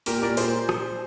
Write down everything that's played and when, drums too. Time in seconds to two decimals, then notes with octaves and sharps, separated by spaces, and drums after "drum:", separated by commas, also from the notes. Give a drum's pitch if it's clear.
0.06 A#2 G4 A#4, drum: open hi-hat
0.22 A#2 A#4 D5
0.37 A#2 G#4 C5, drum: open hi-hat
0.69 drum: rim click